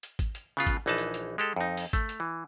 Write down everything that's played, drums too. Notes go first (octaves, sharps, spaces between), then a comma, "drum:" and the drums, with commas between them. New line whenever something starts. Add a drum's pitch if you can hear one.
drum: hi-hat
drum: kick G#1, hi-hat
drum: hi-hat
C#3 B3 F4
drum: kick G#1, hi-hat
A#1 E3 D#4 B4 A5
drum: hi-hat
drum: hi-hat
G#3 G4 A4
F2 D#4
drum: open hi-hat
A3, drum: kick G#1, hi-hat
drum: hi-hat
E3